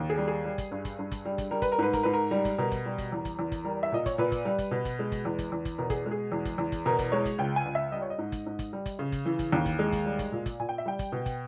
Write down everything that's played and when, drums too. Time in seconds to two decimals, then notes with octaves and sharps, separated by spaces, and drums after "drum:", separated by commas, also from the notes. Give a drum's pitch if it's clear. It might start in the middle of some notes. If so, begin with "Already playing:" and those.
Already playing: D#2
0.10 G#4
0.17 G3
0.28 G#4
0.45 G3
0.58 drum: kick, hi-hat
0.71 G2
0.85 drum: kick, hi-hat
0.99 G2
1.12 drum: kick, hi-hat
1.25 G3
1.38 drum: kick, hi-hat
1.51 G3 A#4
1.62 B4, drum: kick, hi-hat
1.72 A#4
1.78 G#2 B4
1.93 A#4, drum: kick, hi-hat
2.03 G#2 B4
2.14 A#4
2.31 G3
2.45 drum: kick, hi-hat
2.58 B2 A#4
2.72 drum: kick, hi-hat
2.86 G3
2.98 drum: kick, hi-hat
3.12 E2
3.25 drum: kick, hi-hat
3.39 E2
3.52 drum: kick, hi-hat
3.65 G3 A#4
3.83 E5
3.92 A#2 D#5
4.06 C#5, drum: kick, hi-hat
4.18 A#2 B4
4.32 drum: kick, hi-hat
4.45 G3
4.59 drum: kick, hi-hat
4.71 B2
4.85 drum: kick, hi-hat
4.99 G#3
5.12 drum: kick, hi-hat
5.25 E2
5.39 drum: kick, hi-hat
5.52 E2
5.65 drum: kick, hi-hat
5.78 B2 A#4
5.90 G#4, drum: kick, hi-hat
6.06 G#3
6.11 G#4
6.32 E2
6.45 drum: kick, hi-hat
6.58 E2
6.72 drum: kick, hi-hat
6.86 B2 A#4
6.99 drum: kick, hi-hat
7.12 G#3 C#5
7.25 drum: kick, hi-hat
7.38 C#2 G5
7.56 G#5
7.66 C#2
7.75 E5
7.92 G3 D#5
8.02 C#5
8.10 D#5
8.18 G#2
8.32 drum: kick, hi-hat
8.46 G#2
8.59 drum: kick, hi-hat
8.73 G3
8.86 drum: kick, hi-hat
8.99 C#3
9.12 drum: kick, hi-hat
9.25 E3
9.39 drum: kick, hi-hat
9.53 D#2
9.66 drum: kick, hi-hat
9.79 G#3
9.92 drum: kick, hi-hat
10.06 G3
10.19 drum: kick, hi-hat
10.32 A#2
10.46 drum: kick, hi-hat
10.59 A#2 G#5
10.69 G5
10.78 E5
10.86 G3 G5
10.99 drum: kick, hi-hat
11.12 B2
11.26 drum: kick, hi-hat